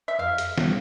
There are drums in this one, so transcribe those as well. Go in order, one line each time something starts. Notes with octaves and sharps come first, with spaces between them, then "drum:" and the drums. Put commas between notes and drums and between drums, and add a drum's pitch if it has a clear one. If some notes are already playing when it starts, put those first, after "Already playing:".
E5
F2 F5
drum: hi-hat
D3 G3 B3, drum: snare